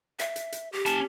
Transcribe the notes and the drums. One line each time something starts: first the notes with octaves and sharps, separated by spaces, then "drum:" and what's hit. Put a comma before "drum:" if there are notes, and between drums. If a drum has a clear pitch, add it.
E5, drum: hi-hat
drum: hi-hat
drum: hi-hat
G4
C#4 A5, drum: hi-hat